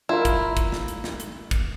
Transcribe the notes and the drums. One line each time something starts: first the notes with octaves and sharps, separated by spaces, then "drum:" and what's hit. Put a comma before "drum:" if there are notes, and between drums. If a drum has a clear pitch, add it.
E4 F4 A#4
drum: kick, hi-hat
drum: kick, hi-hat
drum: snare
drum: hi-hat
drum: snare
drum: hi-hat
drum: kick, hi-hat